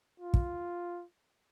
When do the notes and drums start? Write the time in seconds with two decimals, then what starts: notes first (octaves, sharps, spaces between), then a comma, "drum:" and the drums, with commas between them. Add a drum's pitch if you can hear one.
0.20 F4
0.34 drum: kick